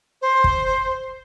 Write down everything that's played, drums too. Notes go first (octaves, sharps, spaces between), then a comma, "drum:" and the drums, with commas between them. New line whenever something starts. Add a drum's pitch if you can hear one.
C5
drum: kick